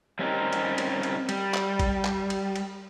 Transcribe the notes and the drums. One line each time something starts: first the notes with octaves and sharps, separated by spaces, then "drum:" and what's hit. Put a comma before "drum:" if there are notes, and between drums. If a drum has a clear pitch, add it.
G3 C4 C#4 D#4 G4 A#4
drum: cymbal
drum: cymbal
drum: cymbal
G3, drum: cymbal
drum: clap
drum: kick G#1, cymbal
drum: clap
drum: cymbal
drum: cymbal